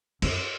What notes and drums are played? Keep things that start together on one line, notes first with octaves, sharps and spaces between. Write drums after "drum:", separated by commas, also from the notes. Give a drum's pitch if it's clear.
F#2, drum: cymbal